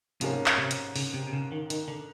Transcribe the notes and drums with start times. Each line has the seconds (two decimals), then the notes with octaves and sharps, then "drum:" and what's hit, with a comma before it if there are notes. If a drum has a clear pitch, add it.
0.21 G#2 C3 F3 A#3 C#4, drum: hi-hat
0.46 drum: clap
0.58 C3
0.71 drum: hi-hat
0.96 C#3, drum: open hi-hat
1.14 C3
1.27 C3
1.33 C#3
1.52 D#3
1.70 D#3, drum: hi-hat
1.88 D3